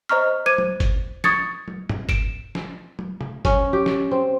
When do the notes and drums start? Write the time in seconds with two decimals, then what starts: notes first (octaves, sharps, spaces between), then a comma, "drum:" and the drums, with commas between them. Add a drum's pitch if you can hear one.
0.09 C5 D#5 A#5 C#6 F6
0.46 C5 D6 G#6 D#7
0.58 drum: tom
0.80 drum: kick G1, hi-hat
1.24 C#6 D#6 G#6 A6 C#7, drum: snare
1.68 drum: tom
1.89 drum: tom
2.09 D7 E7, drum: kick G1, hi-hat
2.55 drum: snare
2.99 drum: tom
3.21 drum: tom C3
3.45 C#4, drum: kick G1, hi-hat
3.73 G4
3.86 drum: snare
4.11 C4